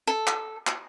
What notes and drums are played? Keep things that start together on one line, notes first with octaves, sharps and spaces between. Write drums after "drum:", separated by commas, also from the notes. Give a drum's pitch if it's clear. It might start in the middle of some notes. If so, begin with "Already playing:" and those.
A4
drum: clap
drum: clap